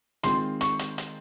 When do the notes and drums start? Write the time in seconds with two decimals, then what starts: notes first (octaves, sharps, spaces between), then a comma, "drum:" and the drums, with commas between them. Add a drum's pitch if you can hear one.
0.23 D#3 G#3 C4 F4 C6, drum: hi-hat
0.61 C#6, drum: hi-hat
0.79 drum: hi-hat
0.98 drum: hi-hat